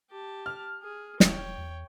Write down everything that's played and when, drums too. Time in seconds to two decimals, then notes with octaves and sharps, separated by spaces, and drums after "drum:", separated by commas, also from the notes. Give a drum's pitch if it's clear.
0.11 G4 A5
0.46 F6
0.82 G#4
1.20 E1 C#5 G5, drum: snare
1.57 E2